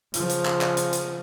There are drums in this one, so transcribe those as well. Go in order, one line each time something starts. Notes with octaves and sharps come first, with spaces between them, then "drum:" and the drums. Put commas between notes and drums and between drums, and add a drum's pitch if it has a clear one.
C#3 F3, drum: hi-hat
drum: hi-hat
drum: clap
drum: clap
drum: hi-hat
drum: hi-hat